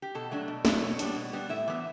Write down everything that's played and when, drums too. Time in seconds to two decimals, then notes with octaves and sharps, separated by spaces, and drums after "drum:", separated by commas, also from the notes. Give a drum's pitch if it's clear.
0.02 G4
0.15 B2 A4
0.31 F#3 A3 D4
0.48 B2
0.65 F#3 A3 D4, drum: snare
0.82 B2 C#5
0.99 G3 B3 D4, drum: hi-hat
1.16 B2
1.33 G3 B3 D4
1.49 A2 E5
1.68 E3 B3